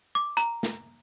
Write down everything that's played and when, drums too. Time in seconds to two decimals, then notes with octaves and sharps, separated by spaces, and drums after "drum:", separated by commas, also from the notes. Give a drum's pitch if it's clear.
0.15 D6
0.37 A#5, drum: hi-hat
0.63 drum: snare